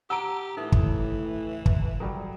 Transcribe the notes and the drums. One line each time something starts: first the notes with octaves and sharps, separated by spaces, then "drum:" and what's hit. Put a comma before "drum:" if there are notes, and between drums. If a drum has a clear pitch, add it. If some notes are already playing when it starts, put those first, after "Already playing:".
G4 F#5 A5 A#5 E6 D7
A2 E3 D#4 A4 D#6
drum: kick
drum: kick
F#3 G3 A4